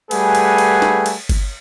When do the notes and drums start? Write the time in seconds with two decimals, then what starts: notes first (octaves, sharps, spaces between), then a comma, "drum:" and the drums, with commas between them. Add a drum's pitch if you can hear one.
0.11 G3 A3 G#4 B4 F#5 G#5, drum: cymbal
0.35 drum: cymbal
0.58 drum: cymbal
0.82 drum: snare
1.06 drum: cymbal
1.29 drum: kick G1, cymbal